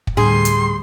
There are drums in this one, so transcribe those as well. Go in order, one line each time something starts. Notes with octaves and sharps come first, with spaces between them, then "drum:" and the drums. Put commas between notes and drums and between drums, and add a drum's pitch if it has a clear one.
drum: kick
D2 A2 G3 D4 G#4 C6
drum: hi-hat